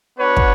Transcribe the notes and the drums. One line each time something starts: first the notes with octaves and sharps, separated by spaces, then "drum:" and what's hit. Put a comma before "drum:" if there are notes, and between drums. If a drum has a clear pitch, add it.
B3 D4 F#4 B4 C#5
drum: kick